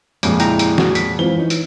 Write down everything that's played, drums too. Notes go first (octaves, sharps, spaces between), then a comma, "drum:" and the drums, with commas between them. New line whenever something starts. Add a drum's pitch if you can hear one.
F2 A#2 C#3 G#3 G4, drum: hi-hat
E4 G5 A#5, drum: hi-hat
drum: hi-hat
F#4, drum: snare
B6, drum: hi-hat
E3 G#3 C4 F4 G7
C#4 D#4
drum: hi-hat